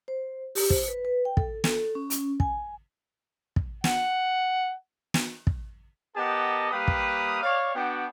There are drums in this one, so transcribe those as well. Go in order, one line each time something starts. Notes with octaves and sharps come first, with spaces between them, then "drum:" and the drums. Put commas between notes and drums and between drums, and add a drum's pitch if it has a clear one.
C5
G4, drum: open hi-hat
C5, drum: kick
B4
B4
G5
A4, drum: kick
A4, drum: snare
C#4
C#4, drum: hi-hat
G#5, drum: kick
drum: kick
F#5, drum: snare
drum: snare
drum: kick
B3 G4 A#4 D#5 F#5 A5
G3 A#3 G4 B4 F5 D#6
drum: kick
C#5 D5 F5
B3 D4 F#4 G5